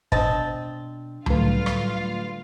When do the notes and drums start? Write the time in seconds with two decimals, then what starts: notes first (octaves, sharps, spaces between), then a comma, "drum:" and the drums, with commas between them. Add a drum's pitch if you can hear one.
0.12 B2 C4 D4 D#5 A5, drum: kick
1.26 A2 D3 F#3 G3 A3 F4 B4 F5, drum: tom C#2
1.66 drum: rim click